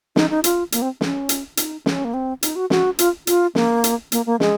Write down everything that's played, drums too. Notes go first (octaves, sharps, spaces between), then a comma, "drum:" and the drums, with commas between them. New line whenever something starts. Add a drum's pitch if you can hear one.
D#4, drum: snare
D#4
F4, drum: hi-hat
A#3, drum: hi-hat
C4
C#4, drum: snare
drum: hi-hat
D#4, drum: hi-hat
C#4, drum: snare
A#3
C4
D#4, drum: hi-hat
F#4
F#4, drum: snare
F4, drum: hi-hat
F4, drum: hi-hat
A#3, drum: snare
drum: hi-hat
A#3, drum: hi-hat
A#3
G#3, drum: snare